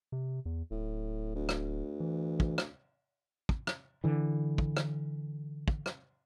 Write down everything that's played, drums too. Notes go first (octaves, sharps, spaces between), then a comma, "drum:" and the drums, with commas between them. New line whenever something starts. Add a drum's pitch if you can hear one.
C3
E2
D1 A2
D2
drum: rim click
E3
drum: kick
drum: rim click
drum: kick
drum: rim click
D3 E3
drum: kick
drum: rim click
drum: kick
drum: rim click